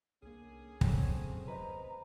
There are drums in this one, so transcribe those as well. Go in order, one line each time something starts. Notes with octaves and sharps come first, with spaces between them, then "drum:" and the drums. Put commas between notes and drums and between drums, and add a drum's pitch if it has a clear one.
C2 D3 A#3 C#4 G#4
E2 F#3 A3 C4, drum: kick
B4 C5 D#5 A#5 B5